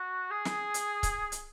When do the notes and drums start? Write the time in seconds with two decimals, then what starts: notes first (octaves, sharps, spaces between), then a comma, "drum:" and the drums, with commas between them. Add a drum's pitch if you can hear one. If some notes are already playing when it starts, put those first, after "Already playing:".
Already playing: F#4
0.31 G#4
0.45 drum: snare
0.74 drum: hi-hat
1.03 drum: kick C#1, hi-hat
1.32 drum: hi-hat